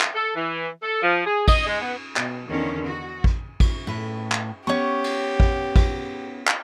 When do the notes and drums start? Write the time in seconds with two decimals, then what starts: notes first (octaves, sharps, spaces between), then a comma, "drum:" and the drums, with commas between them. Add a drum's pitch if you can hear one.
0.01 drum: clap
0.15 A4
0.36 E3
0.81 A4
1.01 F3
1.26 G#4
1.48 D#5, drum: kick A1, cymbal
1.67 G#3
1.81 B3
2.16 B2, drum: clap
2.49 E2 D3 D#3 C#4
2.85 F#4
3.24 drum: kick A1
3.60 drum: kick A1, cymbal
3.87 A2 B4
4.32 drum: clap
4.67 B3 C#4 G4 C#5 C#6
5.04 drum: cymbal
5.40 drum: kick A1
5.76 drum: kick A1, cymbal
6.47 drum: clap